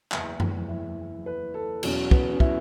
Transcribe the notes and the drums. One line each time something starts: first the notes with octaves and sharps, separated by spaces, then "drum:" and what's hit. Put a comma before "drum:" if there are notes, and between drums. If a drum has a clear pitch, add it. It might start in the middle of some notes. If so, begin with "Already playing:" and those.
F#1 E2 E3 E4, drum: clap
E4, drum: tom F#2
E4
B4
A4
E2 B2 F#3 C#4, drum: cymbal
B3, drum: kick
C#4
E4, drum: kick